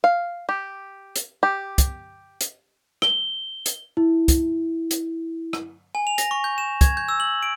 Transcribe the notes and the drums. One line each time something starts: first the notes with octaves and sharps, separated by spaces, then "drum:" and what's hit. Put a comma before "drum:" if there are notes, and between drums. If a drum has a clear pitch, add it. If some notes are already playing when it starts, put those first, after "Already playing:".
F5
G4
drum: hi-hat
G4
drum: kick, hi-hat
drum: hi-hat
G7, drum: rim click
drum: hi-hat
E4
drum: kick, hi-hat
drum: hi-hat
drum: rim click
G#5
F7
A#6, drum: hi-hat
C#6
G6
E7
G#6, drum: kick, hi-hat
G6
E6
F#7
D7